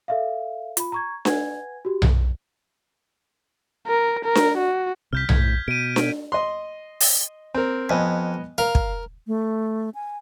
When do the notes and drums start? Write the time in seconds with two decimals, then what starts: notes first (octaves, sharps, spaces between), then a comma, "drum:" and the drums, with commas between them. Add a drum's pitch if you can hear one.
0.08 A4 E5 F5
0.77 F4 B5, drum: hi-hat
0.92 A#5 C#6 G#6
1.25 B4 F#5 G#5 G#6, drum: snare D4
1.85 F#4 G4
2.02 drum: tom B1
3.87 A#4
4.25 A#4
4.35 drum: snare D4
4.58 F#4
5.13 C2 C3 F6 G6 B6
5.29 A2 G#6, drum: tom B1
5.68 B2 D7 D#7
5.96 drum: snare D4
6.32 D#5 C6
7.00 drum: open hi-hat
7.55 C4 A#4
7.89 F2 B3 D#5 G#5
8.58 A#4 F5
8.75 drum: kick
9.27 A3
9.95 G#5